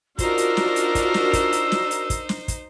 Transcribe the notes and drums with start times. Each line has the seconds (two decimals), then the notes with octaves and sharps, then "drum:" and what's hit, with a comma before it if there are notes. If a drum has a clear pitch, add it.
0.19 D4 D#4 F4 F#4 A#4 C5 E6, drum: kick, hi-hat
0.38 drum: hi-hat
0.57 drum: snare
0.76 drum: hi-hat
0.95 drum: kick, hi-hat
1.14 drum: snare
1.33 drum: kick, hi-hat
1.52 drum: hi-hat
1.72 drum: snare
1.91 drum: hi-hat
2.10 drum: kick, hi-hat
2.29 drum: snare
2.48 drum: kick, hi-hat